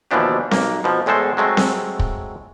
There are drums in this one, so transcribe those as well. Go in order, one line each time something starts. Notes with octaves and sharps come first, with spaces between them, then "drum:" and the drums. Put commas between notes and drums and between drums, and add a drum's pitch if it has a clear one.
D#2 B2 E3 F3 D4 G4
B1 A#3, drum: snare C4
B2 F3
E2 A2 G#3 A4 C5
F#3 G#3 A3 C4
drum: snare C4
drum: kick